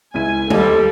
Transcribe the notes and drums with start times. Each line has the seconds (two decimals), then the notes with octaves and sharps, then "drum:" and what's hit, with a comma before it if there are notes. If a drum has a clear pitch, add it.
0.14 C#2 E4 G#5 D#7
0.50 D#2 D#3 F3 G3 A4 D#5, drum: tom G3